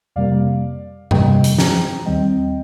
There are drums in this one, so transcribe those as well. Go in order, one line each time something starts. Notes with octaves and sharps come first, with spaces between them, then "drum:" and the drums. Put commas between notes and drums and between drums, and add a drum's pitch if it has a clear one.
F2 C3 G3 A#3 D5 F5
F2 C3 G3 A#3 D#5 G5, drum: tom G2
drum: hi-hat
G5 A#5, drum: snare
D#2 D#3 G3 C4 D#5 G5